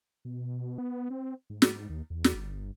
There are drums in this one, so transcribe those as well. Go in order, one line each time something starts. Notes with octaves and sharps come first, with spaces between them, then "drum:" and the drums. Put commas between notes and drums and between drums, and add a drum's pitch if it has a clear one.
B2
B3
C4
G#2
drum: snare
D#2
E2
drum: snare
G1